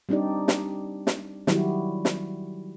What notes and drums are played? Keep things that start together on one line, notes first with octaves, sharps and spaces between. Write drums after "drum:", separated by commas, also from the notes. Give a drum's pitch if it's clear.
G3 C4 D4 D#4 G4 D5
drum: snare
drum: snare
D#3 F#3 G3 E4 F#4 G4, drum: snare
drum: snare